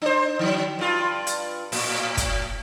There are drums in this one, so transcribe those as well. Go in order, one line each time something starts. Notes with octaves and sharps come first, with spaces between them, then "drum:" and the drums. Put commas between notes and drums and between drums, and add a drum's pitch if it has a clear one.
D4 C5
D3 F#3
G2 F4
drum: hi-hat
A2, drum: open hi-hat
drum: kick, hi-hat